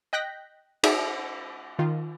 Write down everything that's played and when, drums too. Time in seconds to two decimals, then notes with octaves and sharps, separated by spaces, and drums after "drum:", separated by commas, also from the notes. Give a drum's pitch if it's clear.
0.13 D#5 G5 F#6 G6 A#6 B6
0.83 D#4 G#4 D5 E5, drum: cymbal
1.79 D#3 F4